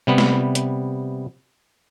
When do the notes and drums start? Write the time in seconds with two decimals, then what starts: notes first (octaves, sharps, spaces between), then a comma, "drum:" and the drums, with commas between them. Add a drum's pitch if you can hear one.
0.07 C3 G3 B3
0.18 drum: snare
0.55 drum: hi-hat